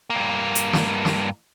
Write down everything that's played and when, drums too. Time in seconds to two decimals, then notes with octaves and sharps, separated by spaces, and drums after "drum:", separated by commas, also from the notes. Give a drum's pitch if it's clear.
0.10 G2 A#3
0.55 drum: hi-hat
0.73 drum: snare
1.05 drum: snare